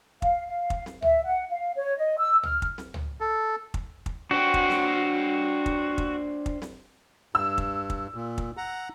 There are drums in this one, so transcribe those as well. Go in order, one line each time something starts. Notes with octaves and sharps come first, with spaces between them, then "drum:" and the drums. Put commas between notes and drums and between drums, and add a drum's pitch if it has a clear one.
F5, drum: kick
F5
drum: kick
drum: snare C4
E5, drum: tom C#2
F#5
F5
C#5
D#5
E6
F6, drum: tom C#2
drum: kick
drum: snare C4
drum: tom C#2
A4
drum: kick
drum: kick
D4 F#4 C5 G5
drum: kick
drum: snare C4
drum: kick
drum: kick
drum: kick
drum: snare C4
G2 E6
drum: kick
drum: kick
A#2
drum: kick
F#5 A#5